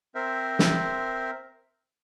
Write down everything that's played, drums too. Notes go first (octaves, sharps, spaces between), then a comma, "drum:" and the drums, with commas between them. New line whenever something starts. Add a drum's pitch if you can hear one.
C4 A#4 C5 E5
drum: snare